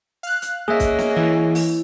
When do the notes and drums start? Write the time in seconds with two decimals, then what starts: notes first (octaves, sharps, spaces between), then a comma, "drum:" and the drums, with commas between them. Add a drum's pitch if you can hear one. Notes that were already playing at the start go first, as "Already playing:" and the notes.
0.23 F5 F#6
0.42 drum: hi-hat
0.68 A#3 C#4 G#4 D#5 E5
0.80 drum: kick C2, hi-hat
0.99 drum: snare
1.17 E3 E4
1.55 drum: open hi-hat